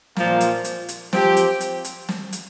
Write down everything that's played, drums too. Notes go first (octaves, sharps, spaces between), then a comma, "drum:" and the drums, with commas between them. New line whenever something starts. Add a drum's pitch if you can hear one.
A#2 F3 A#3, drum: snare
drum: hi-hat
drum: hi-hat
drum: hi-hat
F3 C4 G4, drum: snare
drum: hi-hat
drum: hi-hat
drum: hi-hat
drum: snare
drum: hi-hat